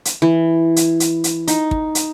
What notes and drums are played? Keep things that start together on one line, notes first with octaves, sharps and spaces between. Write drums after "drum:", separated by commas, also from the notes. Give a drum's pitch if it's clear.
drum: hi-hat
E3
drum: hi-hat
drum: hi-hat
drum: hi-hat
D#4, drum: hi-hat
drum: kick
drum: hi-hat